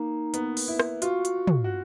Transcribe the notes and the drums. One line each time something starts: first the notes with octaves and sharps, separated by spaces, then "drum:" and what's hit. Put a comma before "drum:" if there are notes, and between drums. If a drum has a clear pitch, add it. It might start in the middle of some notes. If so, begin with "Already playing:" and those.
Already playing: A#3 D#4
B3, drum: hi-hat
drum: open hi-hat
E4
drum: rim click
F4 F#4, drum: hi-hat
drum: hi-hat
drum: tom
F#4